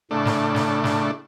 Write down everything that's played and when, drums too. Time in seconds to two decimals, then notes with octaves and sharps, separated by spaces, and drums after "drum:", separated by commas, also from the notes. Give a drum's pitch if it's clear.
0.11 A2 C#3 A3 D4
0.25 drum: snare
0.55 drum: snare
0.84 drum: snare